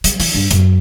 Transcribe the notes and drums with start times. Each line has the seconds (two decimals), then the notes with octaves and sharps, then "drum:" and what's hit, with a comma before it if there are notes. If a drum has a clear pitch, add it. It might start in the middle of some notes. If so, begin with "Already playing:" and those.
0.04 G3, drum: hi-hat
0.20 E3, drum: open hi-hat
0.35 G2
0.51 F#2, drum: hi-hat